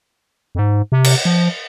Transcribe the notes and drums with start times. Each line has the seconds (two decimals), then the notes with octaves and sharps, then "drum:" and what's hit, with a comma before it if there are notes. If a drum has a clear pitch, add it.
0.55 F2
0.59 G#2
0.92 C3
1.04 drum: cymbal
1.25 F3